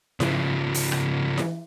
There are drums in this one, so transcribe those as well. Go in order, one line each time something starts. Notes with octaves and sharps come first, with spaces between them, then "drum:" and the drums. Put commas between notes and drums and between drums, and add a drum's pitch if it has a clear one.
C#3 F3, drum: snare E4
drum: open hi-hat
drum: rim click
drum: snare E4